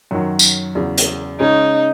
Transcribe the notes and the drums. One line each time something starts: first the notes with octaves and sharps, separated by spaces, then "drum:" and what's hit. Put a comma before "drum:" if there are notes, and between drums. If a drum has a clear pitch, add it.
F#2 D#3 F#3
drum: tambourine
E2 C#3 F#3
drum: hi-hat
C#3 G#3 C#4 D#4